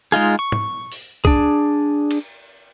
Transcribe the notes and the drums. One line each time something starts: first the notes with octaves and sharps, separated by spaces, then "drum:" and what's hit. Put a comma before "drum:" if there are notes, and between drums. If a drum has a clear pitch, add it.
G#3 D#4 F4 G#4
C#6
drum: tom
drum: open hi-hat
D4 G#4, drum: kick
drum: cymbal